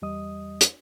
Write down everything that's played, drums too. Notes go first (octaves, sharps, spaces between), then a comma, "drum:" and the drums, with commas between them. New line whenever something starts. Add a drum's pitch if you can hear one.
E2 G3 D#5 D#6
drum: hi-hat